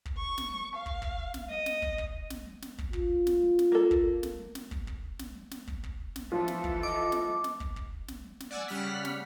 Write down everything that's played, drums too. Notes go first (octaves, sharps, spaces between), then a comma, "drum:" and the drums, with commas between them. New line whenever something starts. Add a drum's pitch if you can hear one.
drum: kick
C#6
drum: snare
F5
drum: kick
drum: kick
drum: snare
D#5
drum: snare
drum: kick
drum: kick
drum: snare
drum: snare
drum: kick
F4, drum: kick
drum: snare
drum: snare
A#3 A4
drum: kick
drum: snare
drum: snare
drum: kick
drum: kick
drum: snare
drum: snare
drum: kick
drum: kick
drum: snare
E3 F3 F4 A4
drum: snare
drum: kick
D#5 D6
drum: snare
drum: snare
drum: kick
drum: kick
drum: snare
drum: snare
D5 F#5 G#5 E6
C#3 G3 F#5 F6 B6
drum: snare